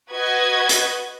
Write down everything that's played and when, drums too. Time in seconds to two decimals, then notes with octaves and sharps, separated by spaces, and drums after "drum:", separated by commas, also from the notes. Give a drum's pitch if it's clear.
0.12 F#4 B4 D#5 G#6
0.69 drum: hi-hat